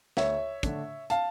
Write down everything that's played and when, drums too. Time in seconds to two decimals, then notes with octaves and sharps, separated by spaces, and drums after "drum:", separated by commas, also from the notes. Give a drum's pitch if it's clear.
0.17 D2 C#5 E5, drum: snare
0.63 D3 A3 D4, drum: kick, hi-hat
1.10 F5 A5, drum: hi-hat